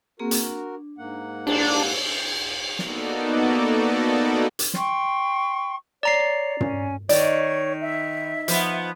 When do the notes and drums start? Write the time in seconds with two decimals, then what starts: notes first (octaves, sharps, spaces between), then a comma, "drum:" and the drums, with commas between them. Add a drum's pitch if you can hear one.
0.19 A#3 C4 F#4 G#4 A#4
0.31 D4, drum: hi-hat
0.98 G#2 A#3 F#5
1.47 D4, drum: cymbal
1.69 G4 F5
2.79 A#3 B3 D#4 F#4 A4 D5, drum: snare
4.59 drum: hi-hat
4.74 G5 C6 C#6, drum: snare
6.03 C#5 D5 A#5 C7
6.61 C#4 G#5, drum: tom
7.09 D#3 C#5 D5, drum: hi-hat
7.81 E5
8.48 F3 B3, drum: hi-hat